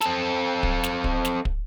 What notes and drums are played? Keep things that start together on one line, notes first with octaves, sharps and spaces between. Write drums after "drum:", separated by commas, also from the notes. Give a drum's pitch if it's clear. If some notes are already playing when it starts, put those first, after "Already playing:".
C4 A4, drum: snare
drum: kick
drum: snare
drum: kick
drum: snare
drum: kick